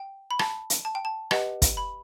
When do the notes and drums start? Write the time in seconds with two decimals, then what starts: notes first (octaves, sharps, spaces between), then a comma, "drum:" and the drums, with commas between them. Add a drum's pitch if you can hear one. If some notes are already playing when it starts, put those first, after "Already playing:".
Already playing: G5
0.31 B5
0.39 A5, drum: rim click
0.70 drum: hi-hat
0.85 A5
0.95 G5
1.05 A5
1.31 G4 B4 D#5 F#5, drum: rim click
1.62 drum: kick, hi-hat
1.77 B5